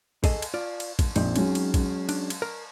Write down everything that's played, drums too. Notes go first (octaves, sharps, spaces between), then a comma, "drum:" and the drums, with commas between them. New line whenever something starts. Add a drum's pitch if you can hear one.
G#4 A4 D#5, drum: kick, cymbal
drum: cymbal
F4 D5
drum: cymbal
drum: kick, cymbal
A#1 C4 D#4, drum: cymbal
F#3 G#3 C#4, drum: cymbal
drum: cymbal
drum: kick, cymbal
D4, drum: cymbal
drum: cymbal
A#4